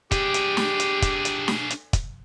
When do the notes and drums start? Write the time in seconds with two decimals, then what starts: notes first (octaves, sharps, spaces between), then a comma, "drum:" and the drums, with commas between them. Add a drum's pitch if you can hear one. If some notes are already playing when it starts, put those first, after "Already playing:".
0.11 D4 G4 G#4, drum: kick, hi-hat
0.34 drum: hi-hat
0.57 drum: snare
0.80 drum: hi-hat
1.02 drum: kick, hi-hat
1.25 drum: hi-hat
1.48 drum: snare
1.70 drum: hi-hat
1.93 drum: kick, hi-hat